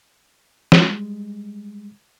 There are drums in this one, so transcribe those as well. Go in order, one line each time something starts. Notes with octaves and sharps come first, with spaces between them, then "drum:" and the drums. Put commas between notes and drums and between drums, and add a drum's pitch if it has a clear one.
G3 G#3, drum: snare